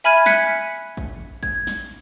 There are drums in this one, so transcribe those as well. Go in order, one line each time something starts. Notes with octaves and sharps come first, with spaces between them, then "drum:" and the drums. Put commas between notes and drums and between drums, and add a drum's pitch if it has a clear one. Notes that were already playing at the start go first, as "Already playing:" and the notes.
E5 G#5 B5 F6 G#6 D#7
F#6 G#6 B6 C#7, drum: snare
drum: kick A1
G#6, drum: kick A1
drum: snare